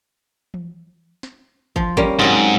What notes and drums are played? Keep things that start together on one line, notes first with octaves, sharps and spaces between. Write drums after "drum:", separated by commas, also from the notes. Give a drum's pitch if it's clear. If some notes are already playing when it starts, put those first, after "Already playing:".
drum: tom E3
drum: snare
F3, drum: kick
G3 A#3 C#4, drum: kick
G#2 F#3 C4 F4